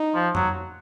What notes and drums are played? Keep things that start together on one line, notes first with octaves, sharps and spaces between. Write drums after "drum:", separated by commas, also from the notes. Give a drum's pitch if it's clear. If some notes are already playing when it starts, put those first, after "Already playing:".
Already playing: D#4
F3
F#3, drum: tom F2